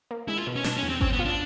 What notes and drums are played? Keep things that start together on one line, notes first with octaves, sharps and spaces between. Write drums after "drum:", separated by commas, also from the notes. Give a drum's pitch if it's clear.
A#3
G#3 E4
F4
B2
C#4
B2 D4, drum: snare
C#4
E2
C4
C4 C#4, drum: kick G#1
B3
F4
D4